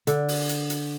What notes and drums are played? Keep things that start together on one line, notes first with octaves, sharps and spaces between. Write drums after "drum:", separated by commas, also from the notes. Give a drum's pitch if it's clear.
D3, drum: hi-hat
drum: open hi-hat
drum: hi-hat
drum: hi-hat